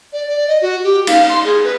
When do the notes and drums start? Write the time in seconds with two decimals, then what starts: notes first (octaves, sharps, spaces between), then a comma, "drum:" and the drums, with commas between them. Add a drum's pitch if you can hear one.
0.13 D5
0.29 D5
0.48 D#5
0.62 F#4
0.84 G4
1.07 F5, drum: cymbal
1.29 C6
1.45 G#4
1.64 B4